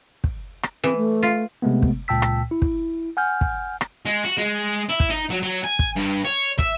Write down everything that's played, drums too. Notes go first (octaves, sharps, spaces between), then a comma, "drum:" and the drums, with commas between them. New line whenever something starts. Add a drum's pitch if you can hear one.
drum: kick
drum: rim click
E3 C4
A3
F4
C3 G#3 A3 B3
drum: kick
C#2 A#2 G5 A5 E6 B6
drum: rim click
E4
drum: kick
F#5 G#5 F6 G6
drum: kick
drum: rim click
G#3
F#4
G#3
E4
drum: kick
D#4
F#3
F#3
G#5
drum: kick
G2
C#5
E5, drum: kick